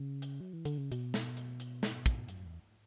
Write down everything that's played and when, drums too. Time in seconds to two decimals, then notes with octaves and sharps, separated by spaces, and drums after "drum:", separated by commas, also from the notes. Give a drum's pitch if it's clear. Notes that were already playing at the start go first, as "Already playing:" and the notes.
Already playing: C#3
0.22 drum: hi-hat
0.41 F#3
0.53 E3
0.65 D3, drum: hi-hat
0.78 C#3
0.92 B2, drum: hi-hat
1.14 drum: snare
1.37 drum: hi-hat
1.60 drum: hi-hat
1.83 drum: snare
2.06 drum: kick, hi-hat
2.28 F#2, drum: hi-hat
2.45 E2